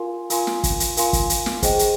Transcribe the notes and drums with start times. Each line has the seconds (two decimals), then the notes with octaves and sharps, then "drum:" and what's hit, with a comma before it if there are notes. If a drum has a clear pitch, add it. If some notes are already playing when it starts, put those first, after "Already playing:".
Already playing: F4 A#4 F5 G#5 C6
0.30 F4 A#4 F5 G#5 C6, drum: hi-hat
0.47 drum: snare
0.63 drum: kick, hi-hat
0.80 drum: hi-hat
0.97 F4 A#4 F5 G#5 C6, drum: hi-hat
1.13 drum: kick, hi-hat
1.30 drum: hi-hat
1.46 drum: snare
1.62 G#4 C5 D#5 G5, drum: kick, hi-hat
1.79 drum: hi-hat